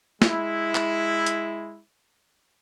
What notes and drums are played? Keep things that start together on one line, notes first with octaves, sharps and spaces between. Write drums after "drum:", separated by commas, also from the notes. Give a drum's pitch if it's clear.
G#3 E4, drum: snare
drum: clap
drum: hi-hat